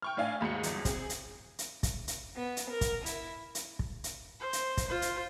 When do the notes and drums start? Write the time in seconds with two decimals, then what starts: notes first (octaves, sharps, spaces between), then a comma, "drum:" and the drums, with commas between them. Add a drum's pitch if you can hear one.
0.02 G5 C#6 F6
0.17 A2 D4 F5 G#5
0.41 D#2 G#2 F#4 C#7
0.63 G1 E2, drum: hi-hat
0.85 C4 G#4, drum: kick, hi-hat
1.09 drum: hi-hat
1.59 drum: hi-hat
1.83 drum: kick, hi-hat
2.08 drum: hi-hat
2.37 B3
2.57 drum: hi-hat
2.72 A#4
2.81 drum: kick, hi-hat
3.06 E4, drum: hi-hat
3.55 drum: hi-hat
3.79 drum: kick
4.04 drum: hi-hat
4.40 C5
4.53 drum: hi-hat
4.77 drum: kick, hi-hat
4.87 F4 C5
5.02 drum: hi-hat